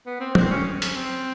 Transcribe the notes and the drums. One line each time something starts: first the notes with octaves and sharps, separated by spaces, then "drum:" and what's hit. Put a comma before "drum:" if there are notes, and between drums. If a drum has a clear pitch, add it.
B3
C4
C4, drum: tom
C#4
drum: hi-hat
C4